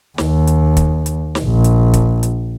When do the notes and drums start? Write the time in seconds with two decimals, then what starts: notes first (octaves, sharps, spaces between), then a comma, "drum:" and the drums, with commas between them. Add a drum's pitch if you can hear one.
0.18 D#2, drum: snare
0.47 drum: hi-hat
0.77 drum: kick, hi-hat
1.06 drum: hi-hat
1.35 drum: snare
1.45 A#1
1.64 drum: hi-hat
1.94 drum: kick, hi-hat
2.23 drum: hi-hat